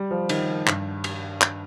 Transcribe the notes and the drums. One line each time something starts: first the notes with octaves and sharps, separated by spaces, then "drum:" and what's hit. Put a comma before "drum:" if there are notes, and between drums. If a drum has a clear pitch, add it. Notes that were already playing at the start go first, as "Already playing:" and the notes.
Already playing: G3
F3
D#3, drum: cymbal
G2, drum: clap
drum: cymbal
drum: clap